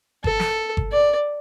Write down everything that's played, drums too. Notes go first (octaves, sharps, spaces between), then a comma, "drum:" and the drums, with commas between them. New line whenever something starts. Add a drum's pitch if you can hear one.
A4, drum: kick G1
drum: snare
drum: kick G1
D5